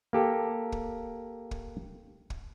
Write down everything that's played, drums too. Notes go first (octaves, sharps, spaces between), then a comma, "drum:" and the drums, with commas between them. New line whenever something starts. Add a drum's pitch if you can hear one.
A#3 G4 A4
drum: kick
drum: kick
drum: kick